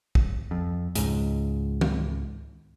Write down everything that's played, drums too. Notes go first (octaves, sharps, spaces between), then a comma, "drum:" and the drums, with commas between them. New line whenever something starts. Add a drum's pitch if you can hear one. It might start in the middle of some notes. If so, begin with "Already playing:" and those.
drum: kick
F2
C#2 G#2, drum: hi-hat
drum: tom D#3